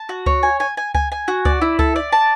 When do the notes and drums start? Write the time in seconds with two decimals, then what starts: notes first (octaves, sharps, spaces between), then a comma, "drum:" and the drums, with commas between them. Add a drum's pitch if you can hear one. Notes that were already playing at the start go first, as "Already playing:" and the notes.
Already playing: A5
0.09 F#4
0.26 C#5, drum: kick C#2
0.43 G#5
0.60 G#5
0.77 G#5
0.94 G#5, drum: kick C#2
1.12 G#5
1.28 F#4
1.45 D5, drum: kick C#2
1.62 E4
1.79 A4, drum: kick C#2
1.96 D5
2.12 A5